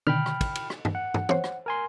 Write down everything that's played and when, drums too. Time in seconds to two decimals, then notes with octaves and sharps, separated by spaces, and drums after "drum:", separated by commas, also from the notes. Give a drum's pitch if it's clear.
0.07 B2 D3 D#3 G5 B5 F6
0.26 drum: rim click
0.41 drum: kick, cymbal
0.55 drum: cymbal
0.70 drum: rim click
0.85 drum: tom
0.95 F#5
1.14 drum: tom
1.29 C5 C#5, drum: tom
1.44 drum: rim click
1.66 A#4 G#5 C6